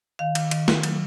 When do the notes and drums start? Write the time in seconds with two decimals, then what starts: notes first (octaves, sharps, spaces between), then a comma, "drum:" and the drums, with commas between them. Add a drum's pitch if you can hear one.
0.19 D#3 F5
0.35 D#3, drum: cymbal
0.51 D#3, drum: cymbal
0.68 D#3, drum: snare
0.83 F#3, drum: cymbal